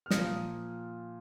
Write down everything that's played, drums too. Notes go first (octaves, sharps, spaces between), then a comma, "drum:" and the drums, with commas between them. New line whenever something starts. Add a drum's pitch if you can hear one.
F6
A#2 F3 A#3 D#6, drum: snare